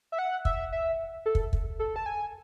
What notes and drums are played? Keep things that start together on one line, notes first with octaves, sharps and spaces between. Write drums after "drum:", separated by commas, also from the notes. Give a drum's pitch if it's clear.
E5
F#5
E5, drum: kick
E5
A4
drum: kick
drum: kick
A4
A5
G#5